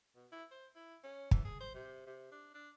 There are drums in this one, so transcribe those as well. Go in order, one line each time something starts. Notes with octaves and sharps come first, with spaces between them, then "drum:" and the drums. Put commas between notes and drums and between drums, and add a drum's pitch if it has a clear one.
B2
E4
C5
E4
C#4
E3, drum: kick
G#4
C5
C3
C3
D4
D4